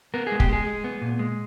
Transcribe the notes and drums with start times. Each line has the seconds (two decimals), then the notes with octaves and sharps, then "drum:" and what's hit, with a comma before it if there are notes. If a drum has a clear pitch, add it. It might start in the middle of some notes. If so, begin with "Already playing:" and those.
0.14 B3 A#4
0.27 G#4
0.32 G#3
0.40 G4, drum: kick
0.49 G#3 G#4
0.67 G#3
0.84 B3
1.02 A#2
1.19 G#3